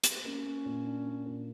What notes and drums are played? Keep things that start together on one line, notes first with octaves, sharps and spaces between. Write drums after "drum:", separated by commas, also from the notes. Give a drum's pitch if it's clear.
drum: hi-hat
A#3 C#4
A#3
A#2
D4
D4
A#2